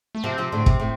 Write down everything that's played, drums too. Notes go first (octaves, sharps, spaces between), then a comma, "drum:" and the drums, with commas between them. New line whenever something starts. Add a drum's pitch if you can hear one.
A3
C3 F3 C4
C3 F3
A2 D3
C3, drum: kick
A2